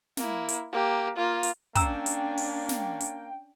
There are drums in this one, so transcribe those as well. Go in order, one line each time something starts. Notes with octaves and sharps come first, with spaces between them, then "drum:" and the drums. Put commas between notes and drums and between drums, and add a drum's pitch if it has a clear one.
A#3 E4, drum: snare
drum: hi-hat
A#3 G4
A#3 F4
drum: hi-hat
A#3 C#4 D4 G5 A#5 E6, drum: kick, hi-hat
drum: hi-hat
drum: open hi-hat
drum: snare
drum: hi-hat